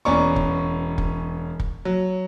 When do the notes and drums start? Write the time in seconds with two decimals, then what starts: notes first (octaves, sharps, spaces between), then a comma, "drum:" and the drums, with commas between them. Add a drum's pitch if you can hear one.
0.05 E1 B3 C#4 D5 A#5 C#6
0.36 drum: kick
0.98 drum: kick
1.60 drum: kick
1.85 F#3